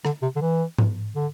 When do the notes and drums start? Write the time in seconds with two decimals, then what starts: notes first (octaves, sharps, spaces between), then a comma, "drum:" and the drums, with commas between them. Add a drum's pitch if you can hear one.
0.05 D3, drum: rim click
0.22 C3
0.36 D3
0.41 E3
0.78 drum: tom G#2
1.15 D3